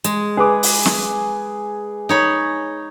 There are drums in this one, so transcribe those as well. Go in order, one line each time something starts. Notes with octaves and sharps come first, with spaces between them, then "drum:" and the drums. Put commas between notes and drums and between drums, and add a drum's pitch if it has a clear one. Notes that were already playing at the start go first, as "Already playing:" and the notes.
G#3, drum: hi-hat
G#4 B4 D6
drum: open hi-hat
drum: snare
D#4 C#5 B5